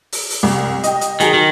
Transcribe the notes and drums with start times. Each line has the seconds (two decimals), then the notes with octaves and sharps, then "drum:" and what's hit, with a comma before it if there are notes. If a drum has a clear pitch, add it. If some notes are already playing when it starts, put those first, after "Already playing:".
0.12 drum: open hi-hat
0.30 drum: open hi-hat
0.43 C2
0.83 D#5 G5, drum: hi-hat
1.01 drum: hi-hat
1.20 D#3 F#3 G#4 F7, drum: hi-hat
1.34 D#3